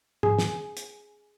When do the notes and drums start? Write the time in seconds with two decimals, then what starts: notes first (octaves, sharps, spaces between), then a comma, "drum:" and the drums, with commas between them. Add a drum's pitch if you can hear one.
0.23 G#4, drum: tom G#2
0.39 drum: snare
0.77 drum: hi-hat